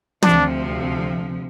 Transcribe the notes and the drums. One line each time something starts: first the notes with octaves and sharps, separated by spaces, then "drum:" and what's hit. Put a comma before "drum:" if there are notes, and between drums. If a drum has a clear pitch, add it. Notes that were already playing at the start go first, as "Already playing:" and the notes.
D2 C3 F3 D4, drum: tom